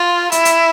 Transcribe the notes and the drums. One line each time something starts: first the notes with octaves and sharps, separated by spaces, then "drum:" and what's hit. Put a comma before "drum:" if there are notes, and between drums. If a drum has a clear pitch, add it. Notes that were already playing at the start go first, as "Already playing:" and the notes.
Already playing: F4
E4, drum: hi-hat
drum: hi-hat